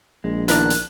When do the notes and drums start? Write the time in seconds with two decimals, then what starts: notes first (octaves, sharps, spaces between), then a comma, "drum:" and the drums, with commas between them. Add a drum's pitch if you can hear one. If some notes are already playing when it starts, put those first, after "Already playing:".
0.24 A#1 G#3
0.48 D#3 B3 D4 E4 A#4 D5 F#6, drum: hi-hat
0.70 drum: hi-hat